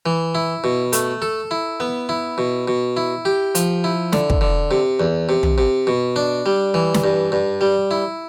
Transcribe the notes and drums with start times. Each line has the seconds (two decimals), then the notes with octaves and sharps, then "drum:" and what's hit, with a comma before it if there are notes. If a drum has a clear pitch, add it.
0.06 E3
0.35 E4
0.64 B2
0.93 A3, drum: hi-hat
1.22 A4
1.51 E4
1.80 B3
2.09 E4
2.38 B2
2.68 B2
2.97 E4
3.25 G4
3.55 F3, drum: hi-hat
3.84 E4
4.13 D3, drum: snare
4.30 drum: kick
4.41 D3
4.71 C3
5.00 E2
5.29 C3
5.43 drum: tom
5.58 C3
5.87 B2
6.16 D4
6.46 G3
6.74 E3
6.94 drum: snare
7.04 G2
7.32 G2
7.61 G3
7.91 E4